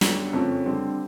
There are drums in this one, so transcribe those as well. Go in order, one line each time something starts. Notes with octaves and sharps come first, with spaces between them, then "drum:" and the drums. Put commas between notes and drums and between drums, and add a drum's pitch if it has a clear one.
F#2 D3 G3 B3, drum: snare
F2 C#3 F3 A3 C#4
D3 G3 C4